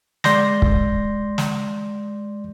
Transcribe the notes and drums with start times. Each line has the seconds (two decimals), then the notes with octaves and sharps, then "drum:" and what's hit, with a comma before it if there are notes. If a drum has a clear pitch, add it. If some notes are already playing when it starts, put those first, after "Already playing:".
0.24 G#3 D5 C6 G6 A#6, drum: snare
0.62 drum: kick
1.38 drum: snare